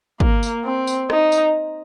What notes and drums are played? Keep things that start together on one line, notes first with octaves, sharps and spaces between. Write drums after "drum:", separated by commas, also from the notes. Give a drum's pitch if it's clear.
A#3, drum: kick
drum: tambourine
C4
drum: tambourine
D#4, drum: rim click
drum: tambourine